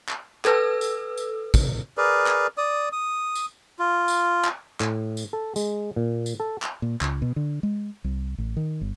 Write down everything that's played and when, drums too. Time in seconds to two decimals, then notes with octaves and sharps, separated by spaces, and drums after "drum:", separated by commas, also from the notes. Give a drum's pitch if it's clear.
0.09 drum: clap
0.45 A4 B4 E6, drum: clap
0.81 drum: tambourine
1.18 drum: tambourine
1.54 drum: kick, tambourine
1.98 G#4 A#4 B4 D5
2.26 drum: clap
2.58 D5 D#6
2.92 D#6
3.35 drum: tambourine
3.79 F4
4.08 drum: tambourine
4.44 drum: clap
4.80 A2, drum: clap
5.17 drum: tambourine
5.33 A4
5.56 G#3, drum: tambourine
5.96 A#2
6.26 drum: tambourine
6.40 A4
6.62 drum: clap
6.82 A#2
7.01 C#2, drum: clap
7.22 B2
7.36 D3
7.63 G#3
8.04 C2
8.38 A1
8.57 D#3
8.81 G1